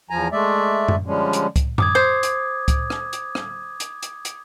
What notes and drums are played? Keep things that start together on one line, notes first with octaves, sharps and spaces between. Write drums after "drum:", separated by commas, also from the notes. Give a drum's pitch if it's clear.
E2 F3 G#5 A#5
G#3 A3 D5 E5
drum: tom F#2
D3 F3 G3 G#3 C#4
drum: hi-hat
drum: kick C#2, hi-hat
D6 D#6 G#6, drum: tom F#2
C5
drum: hi-hat
drum: kick C#2, hi-hat
drum: rim click
drum: hi-hat
drum: rim click
drum: hi-hat
drum: hi-hat
drum: hi-hat